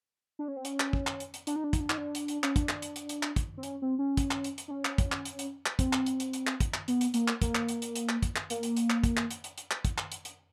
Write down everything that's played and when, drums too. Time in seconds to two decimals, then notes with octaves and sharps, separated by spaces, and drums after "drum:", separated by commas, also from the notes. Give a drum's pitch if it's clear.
0.39 D4
0.48 C#4
0.56 C4
0.65 C#4, drum: hi-hat
0.80 drum: clap
0.93 drum: kick
1.07 drum: clap
1.20 drum: hi-hat
1.34 drum: hi-hat
1.47 D4, drum: hi-hat
1.56 D#4
1.64 D4
1.73 D#4, drum: kick, hi-hat
1.80 D4
1.90 D#4, drum: clap
1.98 D4
2.15 drum: hi-hat
2.28 drum: hi-hat
2.44 C#4, drum: clap
2.56 D4, drum: kick, hi-hat
2.69 drum: clap
2.82 drum: hi-hat
2.96 drum: hi-hat
3.09 drum: hi-hat
3.23 drum: clap
3.36 drum: kick, hi-hat
3.57 C4
3.63 C#4, drum: hi-hat
3.82 C4
3.99 C#4
4.17 drum: kick, hi-hat
4.31 drum: clap
4.44 drum: hi-hat
4.58 drum: hi-hat
4.68 D4
4.71 C#4
4.85 drum: clap
4.98 drum: kick, hi-hat
5.12 drum: clap
5.25 drum: hi-hat
5.39 drum: hi-hat
5.66 drum: clap
5.79 C4, drum: kick, hi-hat
5.93 drum: clap
6.06 drum: hi-hat
6.20 drum: hi-hat
6.33 drum: hi-hat
6.47 drum: clap
6.60 drum: kick, hi-hat
6.74 drum: clap
6.88 B3, drum: hi-hat
7.01 drum: hi-hat
7.14 A#3, drum: hi-hat
7.28 drum: clap
7.42 A#3, drum: kick, hi-hat
7.55 drum: clap
7.68 drum: hi-hat
7.82 drum: hi-hat
7.95 drum: hi-hat
8.09 drum: clap
8.23 drum: kick, hi-hat
8.36 drum: clap
8.50 A#3, drum: hi-hat
8.63 drum: hi-hat
8.77 drum: hi-hat
8.90 drum: clap
9.04 drum: kick, hi-hat
9.17 drum: clap
9.31 drum: hi-hat
9.44 drum: hi-hat
9.58 drum: hi-hat
9.71 drum: clap
9.85 drum: kick, hi-hat
9.98 drum: clap
10.12 drum: hi-hat
10.25 drum: hi-hat